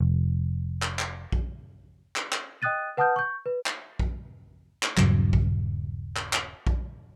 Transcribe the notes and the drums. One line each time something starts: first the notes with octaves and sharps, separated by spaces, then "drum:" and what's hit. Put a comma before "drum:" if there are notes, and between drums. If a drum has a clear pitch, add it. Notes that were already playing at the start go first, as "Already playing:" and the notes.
F1
drum: clap
drum: clap
drum: kick A#1
drum: clap
drum: clap
D#5 G5 D#6 F#6 A6 D#7
B4 F#5 A5 D#6 F6 G6
C#6 G6
B4
drum: clap
drum: kick A#1
drum: clap
D#1 G2 C#3 F#3, drum: clap
drum: kick A#1
drum: clap
drum: clap
drum: kick A#1